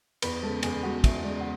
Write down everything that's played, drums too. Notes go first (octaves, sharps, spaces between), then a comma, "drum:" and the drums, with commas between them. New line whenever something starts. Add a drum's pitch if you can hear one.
E2 B4 B5, drum: cymbal
C#3 G#3 A4 A5
E2 G#4 G#5, drum: cymbal
C#3 G#3 F#4 F#5
E2 E5, drum: kick, cymbal
C#3 G#3 D5
F#5